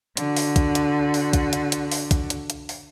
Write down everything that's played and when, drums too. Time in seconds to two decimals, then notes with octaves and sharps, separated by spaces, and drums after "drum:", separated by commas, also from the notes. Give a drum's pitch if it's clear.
0.17 D3 F#4, drum: hi-hat
0.37 drum: open hi-hat
0.56 drum: kick, hi-hat
0.75 drum: hi-hat
1.14 drum: open hi-hat
1.33 drum: kick, hi-hat
1.53 drum: hi-hat
1.72 drum: hi-hat
1.92 drum: open hi-hat
2.11 drum: kick, hi-hat
2.30 drum: hi-hat
2.50 drum: hi-hat
2.69 drum: open hi-hat